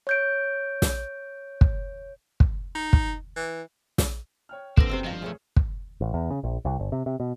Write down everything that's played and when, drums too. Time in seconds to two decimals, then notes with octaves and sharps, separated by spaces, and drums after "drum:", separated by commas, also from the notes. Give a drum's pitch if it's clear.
0.07 C#5 G6 D7
0.82 drum: snare
1.61 drum: kick
2.40 drum: kick
2.75 D#4
2.93 drum: kick
3.36 E3
3.98 drum: snare
4.49 C#5 G5 F6
4.77 D3 A#3 C4 A4 B4 A#6 G7, drum: kick
4.90 C2 F#2 C3 C5 E6
5.04 G#1 G2 F3 D#5 F5
5.22 B1 E2 A3 G#4 C#5
5.56 drum: kick
6.01 A1
6.14 E2
6.31 C#3
6.44 A#1
6.65 C2
6.79 G1
6.92 C3
7.06 C3
7.20 B2